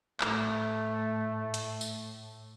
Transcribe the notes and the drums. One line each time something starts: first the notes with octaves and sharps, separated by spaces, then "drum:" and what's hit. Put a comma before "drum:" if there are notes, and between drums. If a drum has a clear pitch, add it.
A2 A3, drum: clap
drum: hi-hat
drum: tambourine